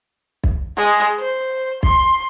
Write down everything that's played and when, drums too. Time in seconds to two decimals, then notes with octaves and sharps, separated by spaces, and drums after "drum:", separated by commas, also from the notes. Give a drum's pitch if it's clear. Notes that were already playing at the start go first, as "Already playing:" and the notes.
0.44 drum: kick
0.76 G#3
1.18 C5
1.83 C6, drum: kick